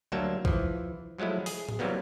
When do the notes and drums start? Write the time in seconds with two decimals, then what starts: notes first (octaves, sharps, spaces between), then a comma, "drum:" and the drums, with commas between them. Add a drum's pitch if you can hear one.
0.12 D2 F#3 G3 A#3 E5 A5
0.45 E3 F3, drum: kick
1.18 F3 F#3 G#3 A3 E4
1.46 G#4, drum: open hi-hat
1.69 drum: tom A2
1.79 C3 E3 F#3 G3 A#3 B3